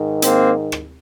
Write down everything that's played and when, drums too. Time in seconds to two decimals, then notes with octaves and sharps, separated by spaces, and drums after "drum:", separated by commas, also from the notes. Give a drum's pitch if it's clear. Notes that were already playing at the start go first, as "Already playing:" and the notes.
Already playing: G#2 D#3
0.22 A#3 C4, drum: hi-hat
0.72 drum: rim click